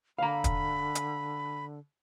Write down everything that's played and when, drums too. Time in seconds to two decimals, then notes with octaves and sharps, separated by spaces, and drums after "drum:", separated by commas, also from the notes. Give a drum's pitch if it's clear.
0.19 D3 F5 A#5 B5
0.44 drum: kick, hi-hat
0.95 drum: hi-hat